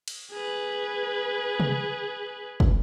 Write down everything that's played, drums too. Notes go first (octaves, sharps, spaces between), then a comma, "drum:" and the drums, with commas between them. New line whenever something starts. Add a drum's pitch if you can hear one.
drum: cymbal
G#4 B4
drum: tom C3
drum: kick